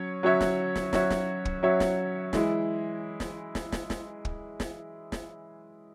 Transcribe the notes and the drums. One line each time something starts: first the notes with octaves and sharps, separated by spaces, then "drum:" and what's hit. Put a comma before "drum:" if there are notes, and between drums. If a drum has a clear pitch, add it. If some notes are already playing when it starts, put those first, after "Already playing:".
Already playing: F#3 C#4 C#5
F#3 C#4 F#4 C#5 E5
drum: snare
drum: snare
F#3 C#4 F#4 C#5 E5, drum: snare
drum: snare
drum: kick
F#3 C#4 F#4 C#5 E5
drum: snare
E3 G#3 E4, drum: snare
drum: snare
drum: snare
drum: snare
drum: snare
drum: kick
drum: snare
drum: snare